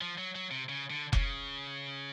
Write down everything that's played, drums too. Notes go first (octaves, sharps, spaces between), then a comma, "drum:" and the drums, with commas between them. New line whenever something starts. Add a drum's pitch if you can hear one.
F3
F#3
F#3
C3
C#3
D3
C#3, drum: kick F1